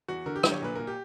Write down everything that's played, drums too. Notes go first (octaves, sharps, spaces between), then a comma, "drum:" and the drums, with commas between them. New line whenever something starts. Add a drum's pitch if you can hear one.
E2 F#4
D3 A#4
G4
D3, drum: rim click
C#5
A#2 B4
A#2 A#4
G4